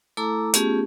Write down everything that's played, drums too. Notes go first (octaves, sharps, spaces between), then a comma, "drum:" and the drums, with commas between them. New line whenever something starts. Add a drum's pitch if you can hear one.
A3 E4 A4 A#5 D6 E6
A3 B3 C#4 F4 G4 G#4, drum: hi-hat